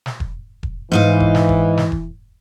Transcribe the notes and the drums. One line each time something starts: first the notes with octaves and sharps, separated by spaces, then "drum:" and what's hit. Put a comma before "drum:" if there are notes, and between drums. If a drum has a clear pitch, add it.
drum: snare
drum: kick E1
drum: kick E1
G#2 E3 D#4 F5
drum: kick E1
drum: snare
drum: kick E1
drum: snare
drum: kick E1